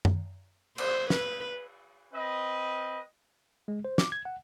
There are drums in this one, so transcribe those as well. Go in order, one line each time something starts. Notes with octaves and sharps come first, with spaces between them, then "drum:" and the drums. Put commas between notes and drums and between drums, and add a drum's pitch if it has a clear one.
drum: tom F#2
C5, drum: cymbal
B4, drum: snare
C4 B4 D#5
G#3
C5
D6, drum: snare
G#6
F#5